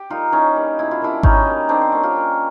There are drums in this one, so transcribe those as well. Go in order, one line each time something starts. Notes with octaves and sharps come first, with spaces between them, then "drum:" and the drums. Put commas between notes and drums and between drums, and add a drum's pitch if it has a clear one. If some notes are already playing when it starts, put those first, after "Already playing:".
Already playing: G4
G3 A#3 D#4 F4
E3 C#4 D#4
G3 A#3
B2 E4
F4
G3 A#3 D4 E4
B2 C#4 D#4, drum: kick G#1
G3 A#3
D#3 C4 D4
C4
F#3 A#3 C#4
F4 G4
D#3